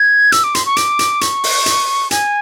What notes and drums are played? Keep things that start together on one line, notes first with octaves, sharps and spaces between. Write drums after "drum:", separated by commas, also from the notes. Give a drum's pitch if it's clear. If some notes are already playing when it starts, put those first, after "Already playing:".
Already playing: G#6
E6, drum: hi-hat
D6
C6, drum: hi-hat
C#6
D6, drum: hi-hat
drum: hi-hat
C#6, drum: hi-hat
drum: open hi-hat
drum: hi-hat
G#5, drum: hi-hat